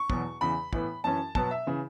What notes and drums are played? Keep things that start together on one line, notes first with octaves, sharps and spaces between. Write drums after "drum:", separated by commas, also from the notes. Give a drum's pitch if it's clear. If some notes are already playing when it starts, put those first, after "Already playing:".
Already playing: C#6
E2 B2 F#3, drum: kick
E2 C#3 E3 B5
A2 E3 B3, drum: kick
F#2 E3 C#4 A5
B2 F#3 B3 A5, drum: kick
E5
C#3 E3